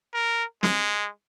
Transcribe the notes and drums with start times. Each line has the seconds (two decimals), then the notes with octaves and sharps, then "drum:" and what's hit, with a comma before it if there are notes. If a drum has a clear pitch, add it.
0.14 A#4
0.63 G#3, drum: snare